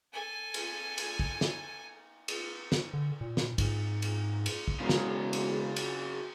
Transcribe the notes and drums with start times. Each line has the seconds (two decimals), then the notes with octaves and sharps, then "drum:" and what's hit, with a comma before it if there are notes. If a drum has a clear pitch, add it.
0.13 A4 G#5
0.54 drum: cymbal
0.98 drum: cymbal
1.19 drum: kick
1.41 drum: snare
2.28 drum: cymbal
2.72 drum: snare
2.94 D3
3.21 A#2
3.37 drum: snare
3.58 G#2, drum: kick, cymbal
4.02 drum: cymbal
4.46 drum: cymbal
4.68 drum: kick
4.80 E1 C#3 F#3
4.89 drum: snare
5.33 drum: cymbal
5.76 drum: cymbal